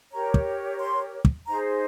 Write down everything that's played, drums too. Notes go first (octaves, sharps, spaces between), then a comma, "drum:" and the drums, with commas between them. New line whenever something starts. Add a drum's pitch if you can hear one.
G4 A#4 C#5 A#5
drum: kick
C6
drum: kick
D#4 G#4 C5 A#5